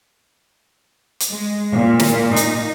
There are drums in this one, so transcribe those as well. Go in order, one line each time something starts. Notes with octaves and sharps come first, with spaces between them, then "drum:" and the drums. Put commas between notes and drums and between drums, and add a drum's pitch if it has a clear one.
drum: hi-hat
G#3
A#2
drum: snare
D#4, drum: hi-hat